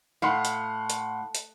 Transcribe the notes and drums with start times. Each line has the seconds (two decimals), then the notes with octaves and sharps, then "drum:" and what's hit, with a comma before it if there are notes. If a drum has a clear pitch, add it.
0.22 A2 F5 F#5 C6
0.45 drum: hi-hat
0.90 drum: hi-hat
1.35 drum: hi-hat